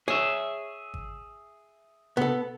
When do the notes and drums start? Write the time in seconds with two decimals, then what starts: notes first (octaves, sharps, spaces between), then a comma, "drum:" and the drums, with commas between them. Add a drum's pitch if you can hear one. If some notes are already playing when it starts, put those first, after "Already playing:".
0.08 G#4 C#5 E5
0.94 drum: kick G#1
2.17 B3 A4, drum: tom C3